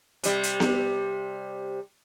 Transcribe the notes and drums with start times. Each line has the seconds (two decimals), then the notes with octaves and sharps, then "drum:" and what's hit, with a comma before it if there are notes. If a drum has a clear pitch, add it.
0.23 C3 G3, drum: hi-hat
0.43 drum: hi-hat
0.60 drum: snare B3